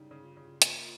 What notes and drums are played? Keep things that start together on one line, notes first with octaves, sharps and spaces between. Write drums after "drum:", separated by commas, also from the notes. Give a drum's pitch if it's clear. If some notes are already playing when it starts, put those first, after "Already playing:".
Already playing: C#3 G3 D#4
C#3
F4
C#3
A#3, drum: hi-hat